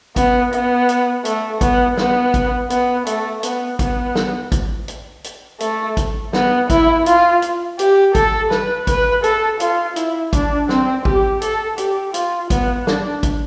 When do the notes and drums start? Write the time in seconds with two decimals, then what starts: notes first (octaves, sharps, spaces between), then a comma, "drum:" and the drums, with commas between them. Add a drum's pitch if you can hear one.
0.16 B3, drum: kick, hi-hat
0.53 B3, drum: hi-hat
0.89 drum: hi-hat
1.25 A3, drum: hi-hat
1.61 B3, drum: kick, hi-hat
1.97 B3, drum: snare
2.34 drum: kick, hi-hat
2.70 B3, drum: hi-hat
3.06 A3, drum: hi-hat
3.43 B3, drum: hi-hat
3.79 B3, drum: kick, hi-hat
4.15 drum: snare
4.52 drum: kick, hi-hat
4.88 drum: hi-hat
5.24 drum: hi-hat
5.60 A3, drum: hi-hat
5.97 drum: kick, hi-hat
6.33 B3, drum: snare
6.70 E4, drum: kick, hi-hat
7.06 F4, drum: hi-hat
7.42 drum: hi-hat
7.79 G4, drum: hi-hat
8.15 A4, drum: kick, hi-hat
8.51 B4, drum: snare
8.87 B4, drum: kick, hi-hat
9.24 A4, drum: hi-hat
9.60 F4, drum: hi-hat
9.96 E4, drum: hi-hat
10.33 D4, drum: kick, hi-hat
10.69 C4, drum: snare
11.05 G4, drum: kick
11.42 A4, drum: hi-hat
11.78 G4, drum: hi-hat
12.14 F4, drum: hi-hat
12.50 B3, drum: kick, hi-hat
12.87 D4, drum: snare
13.23 drum: kick, hi-hat